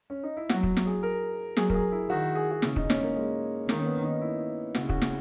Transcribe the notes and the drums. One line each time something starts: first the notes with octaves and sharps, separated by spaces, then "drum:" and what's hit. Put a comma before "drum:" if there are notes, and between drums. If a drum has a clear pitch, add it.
C#4
D#4
E4
F#3 F#4, drum: snare
drum: kick
drum: snare
G#4
A#4
F#3 G#4, drum: snare
A#4, drum: kick
G#4
E4
D#3 F#4
G#4
F#4
C#3 E4, drum: snare
D#4, drum: kick
C#4, drum: snare
A#3
G#3
D#3 A#3, drum: snare
C#4
B3
D#4
E4
C#3 F#4, drum: snare
E4
F#4, drum: kick
drum: snare